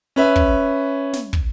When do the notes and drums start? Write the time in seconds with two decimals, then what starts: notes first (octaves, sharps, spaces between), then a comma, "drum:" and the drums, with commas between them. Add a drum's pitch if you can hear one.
0.16 C#4 B4 E5
0.36 drum: kick
1.13 drum: snare
1.33 drum: kick